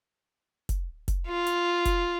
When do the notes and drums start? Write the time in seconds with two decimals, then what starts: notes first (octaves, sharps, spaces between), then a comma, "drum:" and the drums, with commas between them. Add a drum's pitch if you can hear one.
0.69 drum: kick, hi-hat
1.08 drum: kick, hi-hat
1.27 F4
1.47 drum: hi-hat
1.85 drum: kick, hi-hat